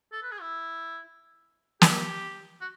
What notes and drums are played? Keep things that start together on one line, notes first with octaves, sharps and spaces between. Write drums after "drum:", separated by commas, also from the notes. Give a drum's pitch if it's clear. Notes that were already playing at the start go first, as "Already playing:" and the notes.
A4
B4
G#4
E4
G4, drum: snare
F#4